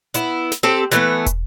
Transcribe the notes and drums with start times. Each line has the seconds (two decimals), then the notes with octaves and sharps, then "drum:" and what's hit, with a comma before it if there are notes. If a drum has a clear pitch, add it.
0.14 B3 E4, drum: hi-hat
0.52 drum: snare
0.63 C4 G4 A4
0.92 E3 A3 B3, drum: hi-hat
1.26 drum: kick, hi-hat